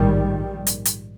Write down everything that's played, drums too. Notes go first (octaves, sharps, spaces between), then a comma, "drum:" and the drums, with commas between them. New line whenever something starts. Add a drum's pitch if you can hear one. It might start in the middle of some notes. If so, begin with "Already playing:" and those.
Already playing: A#1 G#2 D#3 G3
drum: hi-hat
drum: hi-hat